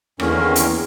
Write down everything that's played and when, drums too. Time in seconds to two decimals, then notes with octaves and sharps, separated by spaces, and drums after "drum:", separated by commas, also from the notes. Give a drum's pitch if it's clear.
0.20 E2 D3 D#3 A#3 C#4, drum: rim click
0.56 drum: hi-hat